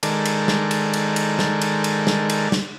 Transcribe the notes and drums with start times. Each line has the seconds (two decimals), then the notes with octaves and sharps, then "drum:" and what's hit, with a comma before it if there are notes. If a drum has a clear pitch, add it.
0.03 D#3 G#3 A4 A#4 D5, drum: cymbal
0.25 drum: cymbal
0.48 drum: snare
0.71 drum: cymbal
0.93 drum: cymbal
1.16 drum: cymbal
1.39 drum: snare
1.61 drum: cymbal
1.84 drum: cymbal
2.07 drum: snare
2.30 drum: cymbal
2.52 drum: snare